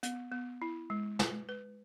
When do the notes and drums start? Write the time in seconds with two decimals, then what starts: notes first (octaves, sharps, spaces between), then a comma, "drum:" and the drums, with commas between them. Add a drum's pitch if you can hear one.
0.03 B3, drum: hi-hat
0.32 B3
0.62 E4
0.90 G#3
1.19 B4, drum: snare
1.49 B4